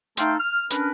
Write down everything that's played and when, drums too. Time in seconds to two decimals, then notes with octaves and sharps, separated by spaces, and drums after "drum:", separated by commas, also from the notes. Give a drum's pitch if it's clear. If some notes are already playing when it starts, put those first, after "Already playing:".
0.17 A3 D#4 A4 F5 G5 C6, drum: hi-hat
0.38 F6
0.70 C#4 D4 A#4 B4, drum: hi-hat